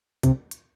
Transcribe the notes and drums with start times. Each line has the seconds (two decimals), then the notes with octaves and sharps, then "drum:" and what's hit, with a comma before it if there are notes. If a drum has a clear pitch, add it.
0.23 C3, drum: kick, hi-hat
0.51 drum: hi-hat